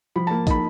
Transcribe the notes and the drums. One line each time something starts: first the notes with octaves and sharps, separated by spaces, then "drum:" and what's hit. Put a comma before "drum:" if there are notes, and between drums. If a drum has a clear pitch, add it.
F3 B5
A#3 A5
D#4 B5, drum: kick, hi-hat